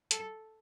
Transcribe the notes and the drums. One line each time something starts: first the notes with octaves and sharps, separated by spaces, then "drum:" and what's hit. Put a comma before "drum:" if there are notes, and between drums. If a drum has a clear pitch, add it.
A4, drum: hi-hat